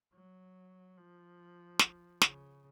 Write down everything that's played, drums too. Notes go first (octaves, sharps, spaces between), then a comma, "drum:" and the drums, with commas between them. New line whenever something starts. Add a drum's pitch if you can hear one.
F#3
F3
drum: snare
C#3, drum: snare